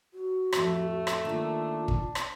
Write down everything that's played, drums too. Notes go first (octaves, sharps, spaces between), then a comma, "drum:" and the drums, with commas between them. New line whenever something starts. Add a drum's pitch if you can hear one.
F#4
F2 A2 A3, drum: rim click
drum: rim click
D#3 A#3 D4 F4
drum: kick
drum: rim click